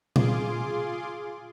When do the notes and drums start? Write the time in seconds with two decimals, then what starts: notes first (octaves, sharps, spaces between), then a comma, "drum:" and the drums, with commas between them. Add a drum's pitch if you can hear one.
0.16 F4 G#4 C6 D6, drum: tom A#2